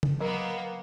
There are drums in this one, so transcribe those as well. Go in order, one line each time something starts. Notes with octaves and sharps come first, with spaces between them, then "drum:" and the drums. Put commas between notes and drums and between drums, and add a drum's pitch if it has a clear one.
drum: tom
F#3 A#3 B3 A#4